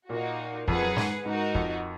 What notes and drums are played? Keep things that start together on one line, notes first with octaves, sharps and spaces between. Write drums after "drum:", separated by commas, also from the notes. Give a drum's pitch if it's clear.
A#2 A#3 D#4 F#4
F2 G#4 B4 F#5, drum: kick
F#2
G#2, drum: snare
G#2 D#4 F#4 A#4
F2, drum: kick